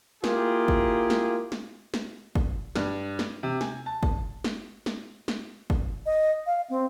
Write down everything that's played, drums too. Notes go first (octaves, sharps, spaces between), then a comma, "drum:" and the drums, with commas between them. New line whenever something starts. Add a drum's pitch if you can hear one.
A#3 E4 F4 G4 G#4, drum: snare
drum: kick
drum: snare
drum: snare
drum: snare
drum: kick
G2, drum: snare
drum: snare
C3
G#5, drum: snare
A5
drum: kick
drum: snare
drum: snare
drum: snare
drum: kick
D#5
F5
C4